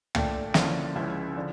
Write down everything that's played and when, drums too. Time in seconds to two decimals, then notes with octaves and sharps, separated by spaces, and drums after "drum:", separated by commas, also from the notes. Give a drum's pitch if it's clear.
0.15 A#2 A3 D4 G5, drum: tom
0.54 D3 F3 A#3 C#4 E4, drum: snare
0.95 C#2 C#3 F3 C#4 E4 E5
1.36 D3 F3